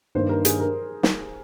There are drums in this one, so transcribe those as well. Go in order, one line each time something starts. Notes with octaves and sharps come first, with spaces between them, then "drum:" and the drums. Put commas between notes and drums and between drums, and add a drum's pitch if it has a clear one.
G2 D#3 A#3 D4 C5
A#4
G#4, drum: hi-hat
A#4
drum: snare